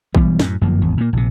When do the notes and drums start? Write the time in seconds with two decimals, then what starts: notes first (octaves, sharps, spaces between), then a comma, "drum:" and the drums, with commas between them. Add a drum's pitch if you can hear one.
0.15 B1 E3 G3 B3, drum: kick A#1
0.39 F#2 A2, drum: snare
0.61 G1 F#2 F3 A#3
0.81 G#1 E2
0.97 A#2 A#3
1.13 A#1 C3